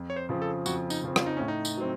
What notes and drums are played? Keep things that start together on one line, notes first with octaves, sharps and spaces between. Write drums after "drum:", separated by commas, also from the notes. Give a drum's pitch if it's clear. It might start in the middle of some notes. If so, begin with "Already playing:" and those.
Already playing: F2
C#5
C5
C#3 F3 C4
A4
F2 F#4, drum: tambourine
D#4, drum: tambourine
C#3 F3 C4
F4, drum: rim click
D#4
A2 C#4
D#4
drum: tambourine
F#3 C4